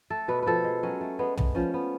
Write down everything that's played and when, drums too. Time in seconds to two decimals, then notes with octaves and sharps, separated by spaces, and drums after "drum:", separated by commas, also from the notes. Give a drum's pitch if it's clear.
0.10 A3 A4
0.28 B2 B4
0.42 F3 A4 B4
0.64 G#3
0.83 F#3 C#4
1.01 A3
1.19 G#3 B3
1.37 B3, drum: tom
1.55 F3 C#4
1.74 B3